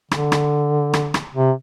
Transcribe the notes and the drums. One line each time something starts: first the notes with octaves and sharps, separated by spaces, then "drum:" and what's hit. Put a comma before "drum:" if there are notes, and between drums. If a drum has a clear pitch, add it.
D3, drum: rim click
drum: rim click
drum: rim click
drum: rim click
C3